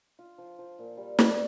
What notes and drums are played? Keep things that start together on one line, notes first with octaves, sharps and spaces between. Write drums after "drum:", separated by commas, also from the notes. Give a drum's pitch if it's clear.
F4
F3
F3
A#2
G3
G3, drum: snare